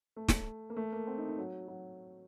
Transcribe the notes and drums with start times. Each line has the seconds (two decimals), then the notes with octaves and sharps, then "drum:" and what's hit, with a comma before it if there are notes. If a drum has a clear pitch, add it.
0.17 A3
0.29 drum: snare
0.70 A#3
0.77 A3
0.92 A#3
1.07 C4
1.18 D#4
1.28 D#4
1.38 F#3
1.68 F#3